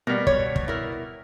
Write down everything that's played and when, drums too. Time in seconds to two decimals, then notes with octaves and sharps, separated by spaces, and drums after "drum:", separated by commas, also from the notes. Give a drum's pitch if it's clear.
0.07 B2 G3 A#4
0.27 C#5, drum: kick
0.56 drum: kick
0.68 E4 A#4